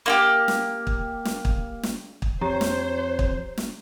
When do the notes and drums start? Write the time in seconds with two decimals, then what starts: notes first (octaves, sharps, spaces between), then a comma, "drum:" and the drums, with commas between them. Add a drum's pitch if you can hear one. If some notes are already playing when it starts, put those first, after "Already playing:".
0.06 A#3 F4 G4
0.48 drum: snare
0.87 drum: kick
1.25 drum: snare
1.45 drum: kick
1.83 drum: snare
2.22 drum: kick
2.41 F2 G4 C5 C#5 A#5
2.61 drum: snare
3.19 drum: kick
3.57 drum: snare